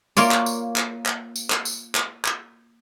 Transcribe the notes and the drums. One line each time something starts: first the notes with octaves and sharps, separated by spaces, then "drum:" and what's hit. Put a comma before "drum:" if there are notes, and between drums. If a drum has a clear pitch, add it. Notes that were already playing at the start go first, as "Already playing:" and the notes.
A#3 F4 C#5 D5, drum: tambourine
drum: clap
drum: tambourine
drum: clap
drum: clap
drum: tambourine
drum: clap
drum: tambourine
drum: clap
drum: clap